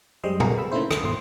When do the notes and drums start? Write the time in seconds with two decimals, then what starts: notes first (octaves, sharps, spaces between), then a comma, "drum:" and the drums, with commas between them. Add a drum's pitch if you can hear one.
0.24 F#2 G3 G#3 C5 D#5 C6
0.40 G#4 A#4 B4, drum: tom A#2
0.58 B5 E6
0.72 C#3 A3 A#3 D#4 E4 C5
0.91 D2, drum: rim click
1.04 G#1 D#2 B2 C6